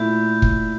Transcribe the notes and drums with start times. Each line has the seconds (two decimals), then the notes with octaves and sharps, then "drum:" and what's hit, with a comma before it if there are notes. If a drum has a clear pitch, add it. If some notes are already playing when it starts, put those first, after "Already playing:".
Already playing: A#2 A3 E4 G6
0.42 drum: kick